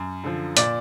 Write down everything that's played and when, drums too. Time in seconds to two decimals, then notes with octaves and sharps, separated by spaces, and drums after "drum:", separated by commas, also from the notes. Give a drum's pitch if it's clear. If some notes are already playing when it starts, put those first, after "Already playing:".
Already playing: F#2
0.24 D3 F3
0.57 A#2 D5, drum: hi-hat